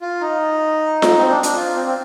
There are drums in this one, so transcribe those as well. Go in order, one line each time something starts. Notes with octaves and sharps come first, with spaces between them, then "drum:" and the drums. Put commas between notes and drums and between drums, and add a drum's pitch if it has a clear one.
F4
D#4
drum: snare F4
C4
D4
D4, drum: hi-hat
F4
C4
C4